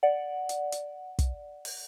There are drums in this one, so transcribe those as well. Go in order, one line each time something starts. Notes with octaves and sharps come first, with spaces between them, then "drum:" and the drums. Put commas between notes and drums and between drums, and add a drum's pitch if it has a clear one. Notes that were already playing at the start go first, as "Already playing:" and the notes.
D5 F#5
drum: hi-hat
drum: hi-hat
drum: kick, hi-hat
drum: open hi-hat